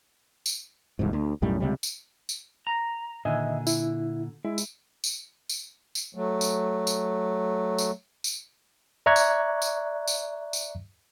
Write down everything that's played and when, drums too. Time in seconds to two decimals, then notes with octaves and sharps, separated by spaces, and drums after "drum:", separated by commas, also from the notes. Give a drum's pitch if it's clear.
0.46 drum: tambourine
0.99 D#1 C2 G#2
1.13 D2
1.42 B1 F#2 A2 G3
1.60 C#2 C3 G3
1.83 drum: tambourine
2.29 drum: tambourine
2.67 A#5
3.25 A#2 D3 D#3 D#5 E5 G#5
3.67 E4, drum: tambourine
4.45 G#3 E4
4.58 drum: tambourine
5.04 drum: tambourine
5.49 drum: tambourine
5.95 drum: tambourine
6.15 F#3 A3
6.41 drum: tambourine
6.87 drum: tambourine
7.78 drum: tambourine
8.24 drum: tambourine
9.06 D5 E5 A#5 C#6 F#6 G#6
9.16 drum: tambourine
9.62 drum: tambourine
10.07 drum: tambourine
10.53 drum: tambourine